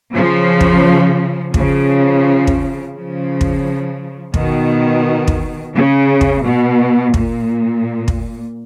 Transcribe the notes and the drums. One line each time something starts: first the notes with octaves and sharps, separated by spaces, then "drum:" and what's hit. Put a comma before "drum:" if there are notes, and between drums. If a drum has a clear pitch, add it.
C#3 F3
drum: kick
C#3 F3, drum: kick
drum: kick
C#3 F3
drum: kick
B2 D#3, drum: kick
drum: kick
C#3
drum: kick
B2
A#2, drum: kick
drum: kick